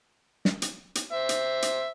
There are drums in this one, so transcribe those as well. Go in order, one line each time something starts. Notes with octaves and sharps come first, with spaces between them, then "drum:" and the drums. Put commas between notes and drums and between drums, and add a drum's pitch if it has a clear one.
drum: snare
drum: hi-hat
drum: hi-hat
C5 E5
drum: hi-hat
drum: hi-hat